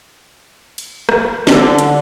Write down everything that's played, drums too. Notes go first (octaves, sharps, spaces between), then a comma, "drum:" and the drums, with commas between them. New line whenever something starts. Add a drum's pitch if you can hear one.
drum: cymbal
drum: rim click
D3, drum: snare
drum: hi-hat